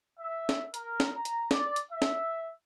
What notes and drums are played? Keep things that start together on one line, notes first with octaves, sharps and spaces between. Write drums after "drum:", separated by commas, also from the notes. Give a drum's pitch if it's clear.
E5
drum: snare
A#4, drum: hi-hat
drum: snare
A#5
drum: hi-hat
D5, drum: snare
drum: hi-hat
E5
drum: snare